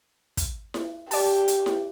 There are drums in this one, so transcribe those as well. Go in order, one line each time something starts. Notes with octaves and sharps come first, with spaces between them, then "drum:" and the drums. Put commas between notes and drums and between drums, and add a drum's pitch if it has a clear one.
drum: kick, hi-hat
drum: snare E4
G4 D5 A5, drum: open hi-hat
drum: hi-hat
drum: snare E4